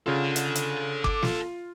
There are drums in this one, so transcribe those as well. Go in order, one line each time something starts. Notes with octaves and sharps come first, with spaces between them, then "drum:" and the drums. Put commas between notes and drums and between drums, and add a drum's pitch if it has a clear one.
C#3 F4 A4 D5
drum: hi-hat
drum: hi-hat
D6, drum: kick
F4, drum: snare